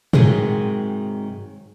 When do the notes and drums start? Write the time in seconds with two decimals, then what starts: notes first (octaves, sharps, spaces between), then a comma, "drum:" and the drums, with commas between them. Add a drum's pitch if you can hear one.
0.13 G#2 C3 D#3 F#3 G#3 G#4, drum: tom